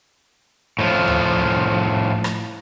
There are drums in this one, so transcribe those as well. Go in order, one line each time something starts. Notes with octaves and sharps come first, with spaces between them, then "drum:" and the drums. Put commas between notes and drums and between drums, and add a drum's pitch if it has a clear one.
A2 F3
drum: tom D2
drum: rim click